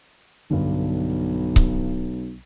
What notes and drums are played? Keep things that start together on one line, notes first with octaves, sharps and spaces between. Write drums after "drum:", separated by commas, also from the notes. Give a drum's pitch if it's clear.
B1 G2 D3
drum: kick C#1